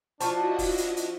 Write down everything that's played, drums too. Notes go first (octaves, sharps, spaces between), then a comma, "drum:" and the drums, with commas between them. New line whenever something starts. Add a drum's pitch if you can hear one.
F3 D4 E4 F#4 D#5 A5 C#6, drum: hi-hat
drum: kick, open hi-hat
drum: hi-hat
drum: hi-hat